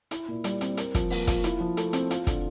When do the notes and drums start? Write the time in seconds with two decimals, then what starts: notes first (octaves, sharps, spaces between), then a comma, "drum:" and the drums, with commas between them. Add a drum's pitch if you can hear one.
0.11 E4, drum: hi-hat
0.28 A#2
0.44 G3, drum: hi-hat
0.61 C4, drum: hi-hat
0.77 A#4, drum: hi-hat
0.95 F3, drum: kick, hi-hat
1.10 A#3, drum: open hi-hat
1.27 F4, drum: kick, hi-hat
1.44 E4, drum: hi-hat
1.60 F3
1.77 A3, drum: hi-hat
1.93 C4, drum: hi-hat
2.11 F4, drum: hi-hat
2.27 D3, drum: kick, hi-hat